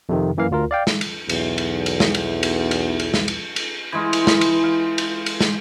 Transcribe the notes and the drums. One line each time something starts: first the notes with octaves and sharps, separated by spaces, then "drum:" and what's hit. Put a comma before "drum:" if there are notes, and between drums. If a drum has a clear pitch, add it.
F2 C3 D#3
F#2 E3 A#3 F5
D2 F4 A#4
D5 F5 G5
drum: snare
drum: cymbal
B1 E2, drum: cymbal
drum: cymbal
drum: cymbal
drum: snare
drum: cymbal
drum: cymbal
drum: cymbal
drum: cymbal
drum: snare
drum: cymbal
drum: cymbal
E3 G#3 F4
drum: cymbal
drum: snare
drum: cymbal
F5
drum: cymbal
drum: cymbal
drum: snare